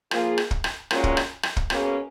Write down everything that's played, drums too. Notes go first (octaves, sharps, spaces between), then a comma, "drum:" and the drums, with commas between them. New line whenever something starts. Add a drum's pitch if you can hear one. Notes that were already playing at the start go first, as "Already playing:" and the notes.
F3 A#3 F4 G#4, drum: rim click
drum: rim click
drum: kick
drum: rim click
A#2 G#3 C#4 F#4, drum: rim click
drum: kick
drum: rim click
drum: rim click
drum: kick
B2 A#3 C#4 G#4, drum: rim click